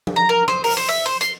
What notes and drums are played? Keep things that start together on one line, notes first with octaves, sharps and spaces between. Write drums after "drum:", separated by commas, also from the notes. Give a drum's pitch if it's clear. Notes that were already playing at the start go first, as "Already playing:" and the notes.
drum: tom F3
A#5
A#4
C5, drum: rim click
A#4, drum: open hi-hat
C5
E5
C5
C6, drum: hi-hat